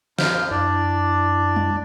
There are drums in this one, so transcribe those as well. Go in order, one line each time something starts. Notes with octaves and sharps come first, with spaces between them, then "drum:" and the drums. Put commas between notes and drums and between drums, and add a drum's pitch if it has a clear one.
F#2 C5 D#5 F5 F6 G6, drum: snare
F#2 D4 E4 D5
drum: tom G3